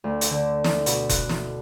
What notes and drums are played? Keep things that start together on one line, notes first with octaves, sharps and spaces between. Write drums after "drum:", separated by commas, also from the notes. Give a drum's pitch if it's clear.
D2
drum: hi-hat
D3
drum: snare
B2, drum: hi-hat
F#6, drum: kick F1, hi-hat
drum: snare